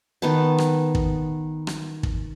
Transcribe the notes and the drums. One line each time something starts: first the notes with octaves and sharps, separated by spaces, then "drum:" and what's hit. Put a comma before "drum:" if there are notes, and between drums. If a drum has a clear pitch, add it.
D#3 B3 A5
drum: rim click
drum: kick
drum: rim click
drum: kick